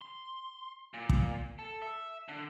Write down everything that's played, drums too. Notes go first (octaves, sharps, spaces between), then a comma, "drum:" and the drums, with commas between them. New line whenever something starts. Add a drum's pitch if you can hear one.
C6
A#2
drum: kick
A4
E5
D3